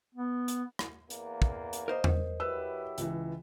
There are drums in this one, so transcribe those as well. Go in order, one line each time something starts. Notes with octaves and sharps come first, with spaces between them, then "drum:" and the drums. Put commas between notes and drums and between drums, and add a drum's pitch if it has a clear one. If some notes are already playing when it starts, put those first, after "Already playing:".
B3
drum: hi-hat
drum: rim click
E2 A#3, drum: hi-hat
drum: kick
drum: hi-hat
A#4 C5 D#5
drum: tom E2
F#3 E4 G4 B4 E6
C#2 E3, drum: hi-hat